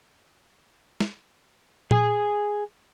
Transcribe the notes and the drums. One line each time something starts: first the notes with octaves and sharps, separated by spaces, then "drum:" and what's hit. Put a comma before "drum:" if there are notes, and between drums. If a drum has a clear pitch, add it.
drum: snare
G#4 G#5, drum: tom A#2